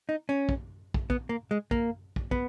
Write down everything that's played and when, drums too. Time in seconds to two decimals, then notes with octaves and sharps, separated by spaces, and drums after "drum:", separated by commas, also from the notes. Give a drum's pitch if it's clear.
0.09 D#4
0.29 C#4
0.49 drum: kick
0.94 drum: kick
1.10 B3, drum: kick
1.29 A#3
1.51 G#3
1.71 A#3, drum: kick
2.16 drum: kick
2.31 B3, drum: kick